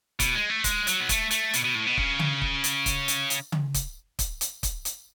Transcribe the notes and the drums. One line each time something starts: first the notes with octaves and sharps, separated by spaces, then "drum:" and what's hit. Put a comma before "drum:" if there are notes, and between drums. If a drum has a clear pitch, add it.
B2, drum: kick, hi-hat
G#3
A3
G#3, drum: kick, hi-hat
F#3, drum: hi-hat
B3
A3, drum: kick, hi-hat
A3, drum: hi-hat
B2, drum: hi-hat
B2
A2
B2
C#3, drum: kick
drum: tom C#3
drum: kick
drum: hi-hat
drum: kick, hi-hat
drum: hi-hat
drum: hi-hat
drum: tom C#3
drum: kick, hi-hat
drum: kick, hi-hat
drum: hi-hat
drum: kick, hi-hat
drum: hi-hat